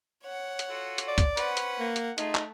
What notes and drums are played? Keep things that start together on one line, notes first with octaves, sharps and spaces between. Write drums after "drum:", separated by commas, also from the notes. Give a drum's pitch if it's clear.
C#5 F#5
drum: hi-hat
F4 F#4 A4
drum: hi-hat
D5
drum: kick, hi-hat
C#4 B4 C5 F#5, drum: hi-hat
drum: hi-hat
A#3
drum: hi-hat
A3 D#4 F4 G#4, drum: hi-hat
drum: clap